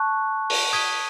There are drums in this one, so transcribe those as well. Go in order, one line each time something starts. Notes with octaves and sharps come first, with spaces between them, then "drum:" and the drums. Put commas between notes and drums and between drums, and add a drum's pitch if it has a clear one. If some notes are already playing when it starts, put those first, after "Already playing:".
Already playing: A5 C#6 F#6
drum: open hi-hat
D#6 G#6 B6 D#7 G7